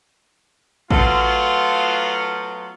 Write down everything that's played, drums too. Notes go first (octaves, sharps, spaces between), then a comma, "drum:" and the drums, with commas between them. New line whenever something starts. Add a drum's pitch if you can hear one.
F#3 A3 B3 F4, drum: kick A1